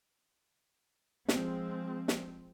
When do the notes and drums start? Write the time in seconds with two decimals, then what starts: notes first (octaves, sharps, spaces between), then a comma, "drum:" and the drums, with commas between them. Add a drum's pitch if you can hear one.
1.28 F3 G#3 C4, drum: snare
2.08 drum: snare